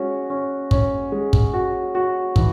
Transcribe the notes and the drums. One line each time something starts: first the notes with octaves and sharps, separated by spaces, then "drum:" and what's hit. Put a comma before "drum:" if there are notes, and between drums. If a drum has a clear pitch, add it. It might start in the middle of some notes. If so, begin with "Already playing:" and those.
Already playing: G#3 C#4 F#4
C#4
C#4, drum: kick
G#3
drum: kick
F#4
F#4
E3, drum: kick